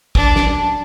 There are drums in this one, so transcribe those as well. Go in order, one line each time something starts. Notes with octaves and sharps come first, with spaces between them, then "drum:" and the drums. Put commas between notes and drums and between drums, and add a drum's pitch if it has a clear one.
D4, drum: kick
drum: snare